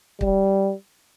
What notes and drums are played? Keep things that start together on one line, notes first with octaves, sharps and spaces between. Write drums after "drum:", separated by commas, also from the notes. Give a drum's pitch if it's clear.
G3, drum: kick